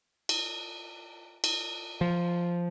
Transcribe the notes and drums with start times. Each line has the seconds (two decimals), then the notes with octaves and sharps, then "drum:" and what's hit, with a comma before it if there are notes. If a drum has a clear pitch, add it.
0.29 drum: cymbal
1.44 drum: cymbal
2.01 F3